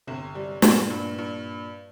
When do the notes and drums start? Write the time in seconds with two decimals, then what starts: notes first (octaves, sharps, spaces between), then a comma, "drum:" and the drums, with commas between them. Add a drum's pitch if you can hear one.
0.07 G1 C3
0.35 G3
0.62 G2 A#2, drum: snare
0.90 G2
1.18 G2